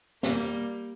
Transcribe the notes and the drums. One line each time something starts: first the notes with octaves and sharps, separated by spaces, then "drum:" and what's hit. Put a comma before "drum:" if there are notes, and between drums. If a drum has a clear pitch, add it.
G3 A#3, drum: snare
drum: hi-hat